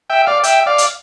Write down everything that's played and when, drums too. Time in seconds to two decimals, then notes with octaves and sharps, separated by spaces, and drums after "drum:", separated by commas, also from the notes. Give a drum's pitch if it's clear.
0.10 E5 G5
0.26 D5 F5
0.44 E5 G5, drum: hi-hat
0.66 D5 F5
0.78 drum: hi-hat